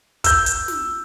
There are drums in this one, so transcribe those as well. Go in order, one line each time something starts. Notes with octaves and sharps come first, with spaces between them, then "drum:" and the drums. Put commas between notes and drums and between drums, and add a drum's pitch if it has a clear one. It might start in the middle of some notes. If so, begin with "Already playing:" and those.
E6 G6, drum: kick, hi-hat
drum: hi-hat
drum: snare